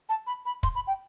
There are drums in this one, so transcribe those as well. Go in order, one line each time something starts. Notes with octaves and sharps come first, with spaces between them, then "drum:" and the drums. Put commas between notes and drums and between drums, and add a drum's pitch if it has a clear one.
A5
B5
B5
C6, drum: kick
B5
G5